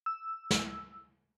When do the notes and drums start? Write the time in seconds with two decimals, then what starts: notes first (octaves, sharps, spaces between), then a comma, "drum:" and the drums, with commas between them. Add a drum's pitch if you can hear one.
0.06 E6
0.51 drum: snare